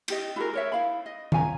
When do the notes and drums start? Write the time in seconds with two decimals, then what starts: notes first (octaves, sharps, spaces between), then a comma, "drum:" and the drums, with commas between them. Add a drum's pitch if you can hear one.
0.08 E4 G4 D#5, drum: cymbal
0.36 E4 F#4 G#4 A#4
0.54 A#4 C#5 E5
0.72 E4 F5 B5
1.06 D#5
1.32 C#4 F5 G#5 A#5, drum: tom D#3